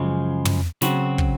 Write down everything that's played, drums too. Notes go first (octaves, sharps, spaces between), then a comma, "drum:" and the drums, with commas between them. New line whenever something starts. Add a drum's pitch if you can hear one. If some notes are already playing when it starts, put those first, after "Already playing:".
Already playing: F#2 C#3 F3 G#3
drum: tom
C#3 F#3 C4 F#4, drum: snare
drum: kick